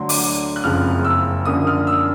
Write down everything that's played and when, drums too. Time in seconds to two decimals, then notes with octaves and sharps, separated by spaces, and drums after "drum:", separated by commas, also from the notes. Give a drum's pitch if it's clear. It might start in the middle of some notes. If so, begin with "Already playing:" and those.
Already playing: D2 D3 F#3 C6
0.09 D6, drum: open hi-hat
0.56 F#6
0.64 F#1 F2 C#3 F3 G#3 F6
1.05 E6
1.45 F#2 D3 F3 A#3 D#6
1.67 F6
1.87 E6